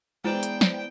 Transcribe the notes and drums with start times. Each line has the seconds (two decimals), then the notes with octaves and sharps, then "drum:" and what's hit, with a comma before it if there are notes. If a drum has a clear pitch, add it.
0.25 E3 G#3 B3 D4 E4 C5 G5 A5
0.43 drum: hi-hat
0.61 drum: snare